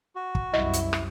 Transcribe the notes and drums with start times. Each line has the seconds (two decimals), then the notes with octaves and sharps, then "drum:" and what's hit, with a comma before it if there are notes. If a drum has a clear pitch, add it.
0.15 F#4
0.35 drum: kick
0.54 C2 F#2 E4 D#5
0.73 drum: hi-hat
0.93 drum: rim click